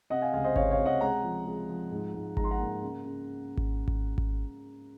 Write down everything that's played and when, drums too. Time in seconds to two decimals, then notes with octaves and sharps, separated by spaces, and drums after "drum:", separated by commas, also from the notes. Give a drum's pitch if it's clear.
0.10 C3 D#5 F#5
0.22 F5 G#5
0.33 C#2 F5 G#5
0.44 C5 D#5
0.56 C3 C#5 F5, drum: kick G#1
0.71 C#5 F5
0.78 C3
0.85 D#5 F#5
1.01 G#3 F#5 A#5
1.24 F3
1.46 G#3
1.69 F3
1.91 G#2
2.14 G#2
2.37 G#2 A#5, drum: kick G#1
2.44 C6
2.51 F#5 A#5
2.59 A#3
2.82 C#3
3.05 C#3
3.57 drum: kick G#1
3.88 drum: kick G#1
4.18 drum: kick G#1